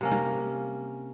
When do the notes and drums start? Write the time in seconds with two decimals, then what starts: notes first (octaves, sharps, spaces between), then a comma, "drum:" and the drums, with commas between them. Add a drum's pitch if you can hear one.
0.01 C3 A#3 C#4
0.12 drum: tom G3